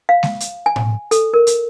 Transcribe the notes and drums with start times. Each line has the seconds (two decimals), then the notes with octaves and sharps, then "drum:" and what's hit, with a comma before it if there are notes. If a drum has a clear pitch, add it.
0.09 F5
0.23 drum: snare G#3
0.40 drum: hi-hat
0.66 G#5
0.76 drum: tom A2
1.11 A4, drum: hi-hat
1.34 A#4
1.47 drum: hi-hat